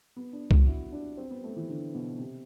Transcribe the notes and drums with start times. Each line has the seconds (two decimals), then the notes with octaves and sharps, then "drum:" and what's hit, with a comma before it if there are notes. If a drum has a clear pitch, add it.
0.16 B3
0.33 D4
0.51 F#4, drum: kick C2
0.67 E4
0.92 D4
1.17 C4
1.31 B3
1.44 A3
1.56 E3
1.69 D3
1.94 B2
2.19 C3